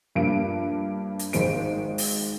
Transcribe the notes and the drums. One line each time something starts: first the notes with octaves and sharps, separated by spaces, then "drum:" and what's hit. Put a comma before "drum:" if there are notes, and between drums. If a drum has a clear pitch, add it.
G2 F3 A#3 D7
drum: hi-hat
G#1 G#2 D#3 G#3 C5 D7, drum: hi-hat
drum: open hi-hat